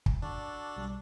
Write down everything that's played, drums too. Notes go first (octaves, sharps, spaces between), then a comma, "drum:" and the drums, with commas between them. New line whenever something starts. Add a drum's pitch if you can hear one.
drum: kick
D4 F#4 A4 D5
B1 G3